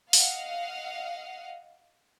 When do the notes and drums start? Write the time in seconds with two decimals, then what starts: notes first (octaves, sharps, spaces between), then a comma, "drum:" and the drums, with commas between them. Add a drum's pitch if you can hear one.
0.13 D#5 F5 F#5, drum: open hi-hat